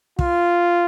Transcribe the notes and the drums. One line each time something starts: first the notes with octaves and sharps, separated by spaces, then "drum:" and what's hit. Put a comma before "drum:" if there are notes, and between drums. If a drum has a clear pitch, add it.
F4, drum: kick